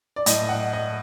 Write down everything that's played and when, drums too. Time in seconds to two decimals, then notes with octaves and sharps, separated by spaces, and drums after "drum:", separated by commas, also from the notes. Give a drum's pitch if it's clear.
0.16 D5
0.26 A2 D#5, drum: hi-hat
0.49 F#5
0.73 D#5